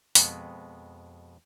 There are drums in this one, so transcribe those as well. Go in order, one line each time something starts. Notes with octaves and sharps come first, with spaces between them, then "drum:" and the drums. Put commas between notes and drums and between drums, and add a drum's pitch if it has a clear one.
F2 B2 G#3 B3, drum: open hi-hat